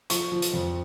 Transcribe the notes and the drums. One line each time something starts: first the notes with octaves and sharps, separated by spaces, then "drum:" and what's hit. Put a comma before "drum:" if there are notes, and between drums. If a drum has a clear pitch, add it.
F3 C#6, drum: hi-hat
F3
drum: hi-hat
F2